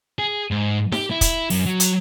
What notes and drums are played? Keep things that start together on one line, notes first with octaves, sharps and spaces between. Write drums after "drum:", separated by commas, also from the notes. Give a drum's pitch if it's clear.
G#4
G#2
G4, drum: snare D#4
E4
drum: kick, hi-hat
F#2, drum: open hi-hat
F#3
drum: hi-hat